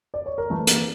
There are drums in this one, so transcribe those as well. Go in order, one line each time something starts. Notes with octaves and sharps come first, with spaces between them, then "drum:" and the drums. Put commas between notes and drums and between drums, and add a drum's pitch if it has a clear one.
D5
C#5
A#4
E3 A3 A4
A#3 A#4, drum: hi-hat